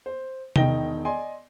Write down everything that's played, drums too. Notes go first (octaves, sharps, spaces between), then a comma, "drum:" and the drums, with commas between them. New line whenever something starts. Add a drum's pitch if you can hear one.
C5
E1 D#3 D#4 G5 A#6 G7, drum: tom C3
D5 D#5 G#5 C6